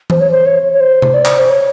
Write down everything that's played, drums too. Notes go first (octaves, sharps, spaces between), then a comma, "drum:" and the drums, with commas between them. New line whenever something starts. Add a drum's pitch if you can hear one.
C5, drum: tom E3
C#5
C5
C#5
C#5
C5
drum: tom C3
D5
drum: clap
C5
C#5